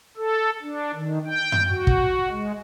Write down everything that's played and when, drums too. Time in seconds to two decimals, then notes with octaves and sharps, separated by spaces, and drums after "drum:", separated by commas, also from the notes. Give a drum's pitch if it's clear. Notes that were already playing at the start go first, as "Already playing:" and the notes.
0.17 A4
0.62 D4
0.94 D#3
1.26 G5
1.52 drum: tom F#2
1.70 F#4
1.87 drum: kick
2.29 G#3